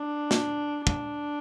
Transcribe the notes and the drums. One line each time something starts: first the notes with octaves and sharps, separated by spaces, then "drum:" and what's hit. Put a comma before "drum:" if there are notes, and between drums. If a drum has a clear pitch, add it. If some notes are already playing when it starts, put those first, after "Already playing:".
Already playing: D4
drum: snare
D4, drum: kick